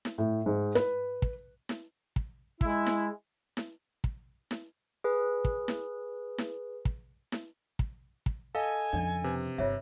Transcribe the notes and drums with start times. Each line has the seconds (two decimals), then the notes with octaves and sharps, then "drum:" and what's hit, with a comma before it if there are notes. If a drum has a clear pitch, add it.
0.05 drum: snare E4
0.18 A2
0.46 G#2
0.75 B4, drum: snare E4
1.22 drum: kick
1.69 drum: snare E4
2.16 drum: kick
2.61 G#3 E4, drum: kick
2.86 drum: snare E4
3.57 drum: snare E4
4.04 drum: kick
4.51 drum: snare E4
5.04 G#4 B4
5.45 drum: kick
5.68 drum: snare E4
6.38 drum: snare E4
6.85 drum: kick
7.32 drum: snare E4
7.79 drum: kick
8.26 drum: kick
8.55 A4 D#5 F5 G#5
8.93 F2 C#3 D4 D5
9.24 C3 B4
9.58 G1 F4 C#5 E5